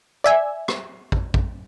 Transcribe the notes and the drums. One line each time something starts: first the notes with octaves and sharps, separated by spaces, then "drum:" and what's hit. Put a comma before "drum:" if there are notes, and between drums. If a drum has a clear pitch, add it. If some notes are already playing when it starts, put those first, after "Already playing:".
D5 E5 G#5
drum: rim click
drum: kick
drum: kick